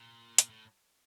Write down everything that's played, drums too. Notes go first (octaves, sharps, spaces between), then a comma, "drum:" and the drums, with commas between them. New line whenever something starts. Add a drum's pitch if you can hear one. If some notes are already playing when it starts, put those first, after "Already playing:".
Already playing: A#2
drum: hi-hat
A2